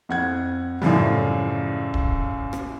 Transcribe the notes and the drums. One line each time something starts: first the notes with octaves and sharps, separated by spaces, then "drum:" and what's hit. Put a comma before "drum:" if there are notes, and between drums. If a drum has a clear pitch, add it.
F2 F#5 G#6
F#2 A2 C#3 F3 G3, drum: snare
drum: kick D1
drum: rim click